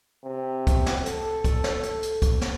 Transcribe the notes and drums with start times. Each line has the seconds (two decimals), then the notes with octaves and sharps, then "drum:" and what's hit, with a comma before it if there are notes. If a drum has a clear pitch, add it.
0.24 C3
0.67 drum: kick, hi-hat
0.86 drum: snare
1.06 A4, drum: hi-hat
1.44 drum: kick, hi-hat
1.64 drum: snare
1.83 drum: hi-hat
2.03 drum: hi-hat
2.22 drum: kick, hi-hat
2.41 drum: snare